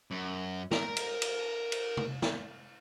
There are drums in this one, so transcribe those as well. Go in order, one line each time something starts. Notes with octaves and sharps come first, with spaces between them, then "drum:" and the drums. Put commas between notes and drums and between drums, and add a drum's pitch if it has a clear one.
F#2
A#4 A#5, drum: snare
drum: cymbal
drum: cymbal
drum: cymbal
drum: tom C3
drum: snare